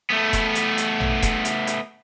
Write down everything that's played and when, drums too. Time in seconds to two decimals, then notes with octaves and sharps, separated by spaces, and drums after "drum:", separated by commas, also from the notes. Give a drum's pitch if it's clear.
0.10 A3 B3
0.33 drum: kick E1, hi-hat
0.55 drum: hi-hat
0.78 drum: hi-hat
1.00 drum: tom
1.22 drum: kick E1, hi-hat
1.45 drum: hi-hat
1.67 drum: hi-hat